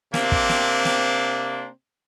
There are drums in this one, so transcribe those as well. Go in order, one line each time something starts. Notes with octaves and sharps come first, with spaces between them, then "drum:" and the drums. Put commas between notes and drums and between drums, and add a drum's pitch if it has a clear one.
C3 A#3 C4 D4, drum: snare
drum: kick
drum: snare
drum: snare